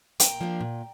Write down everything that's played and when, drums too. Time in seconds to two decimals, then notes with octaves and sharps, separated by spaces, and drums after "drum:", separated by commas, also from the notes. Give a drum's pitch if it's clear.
0.20 A#2 G5 A#5, drum: hi-hat
0.41 F3 A#3 D4
0.61 A#2